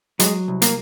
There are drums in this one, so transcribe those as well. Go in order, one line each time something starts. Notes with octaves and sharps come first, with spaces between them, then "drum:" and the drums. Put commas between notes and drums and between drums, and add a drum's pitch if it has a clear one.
F#3 G#3, drum: hi-hat
C2
A#3, drum: hi-hat